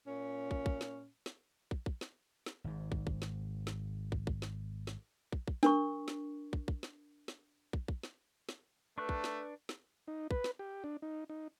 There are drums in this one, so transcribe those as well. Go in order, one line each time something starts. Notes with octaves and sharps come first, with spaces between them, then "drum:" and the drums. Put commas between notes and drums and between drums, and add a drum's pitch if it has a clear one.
A#2 C#4
drum: kick
drum: kick
drum: snare
drum: snare
drum: kick
drum: kick
drum: snare
drum: snare
G#1 G#2
drum: kick
drum: kick
drum: snare
drum: snare
drum: kick
drum: kick
drum: snare
drum: snare
drum: kick
drum: kick
D4 A#4 C#6, drum: snare
drum: snare
drum: kick
drum: kick
drum: snare
drum: snare
drum: kick
drum: kick
drum: snare
drum: snare
A3 D4 B4 C#6 F#6
drum: kick
drum: snare
drum: snare
D#4
B4, drum: kick
drum: snare
G4
D4
D#4
D#4